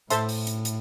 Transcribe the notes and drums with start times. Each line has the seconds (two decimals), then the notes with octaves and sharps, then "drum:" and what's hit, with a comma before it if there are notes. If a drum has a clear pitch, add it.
0.10 A2 A4 C5 E5 A5 C6, drum: hi-hat
0.29 drum: open hi-hat
0.47 drum: hi-hat
0.65 drum: hi-hat